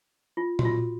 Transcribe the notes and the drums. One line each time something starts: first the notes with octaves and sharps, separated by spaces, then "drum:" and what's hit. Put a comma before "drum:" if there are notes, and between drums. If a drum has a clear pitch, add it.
F4
F#4, drum: tom A#2
F4